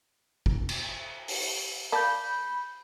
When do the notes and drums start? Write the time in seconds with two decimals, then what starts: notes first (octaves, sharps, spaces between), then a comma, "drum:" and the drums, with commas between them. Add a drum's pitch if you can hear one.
0.46 drum: kick
0.69 drum: cymbal
1.28 drum: open hi-hat
1.92 A#3 D5 A5 B5 G6